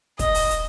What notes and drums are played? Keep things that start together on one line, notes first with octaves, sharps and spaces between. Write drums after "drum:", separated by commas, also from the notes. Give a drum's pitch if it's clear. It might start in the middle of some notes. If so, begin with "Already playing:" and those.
D#5, drum: kick, hi-hat
drum: open hi-hat
drum: hi-hat